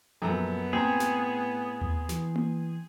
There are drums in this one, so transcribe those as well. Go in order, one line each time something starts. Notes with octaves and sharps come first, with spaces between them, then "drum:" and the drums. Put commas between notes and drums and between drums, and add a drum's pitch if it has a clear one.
A#1 F#2 B3 A4 A#5
A2 C4 G#4 A#5, drum: tom A#3
drum: snare
drum: tom D#2
E3, drum: snare
drum: tom A#3